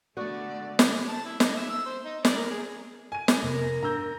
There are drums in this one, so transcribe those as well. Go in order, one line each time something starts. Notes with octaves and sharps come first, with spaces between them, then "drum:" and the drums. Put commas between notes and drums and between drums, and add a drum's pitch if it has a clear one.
D3 A3 B3 F#4 D5
drum: snare
A5
E4
D#4, drum: snare
E5
E6
C5
D#4
D5, drum: snare
A#4
G#4
G#5 D#7
drum: snare
F2 C3 A#4
G#2 D4 A#5 E6 G6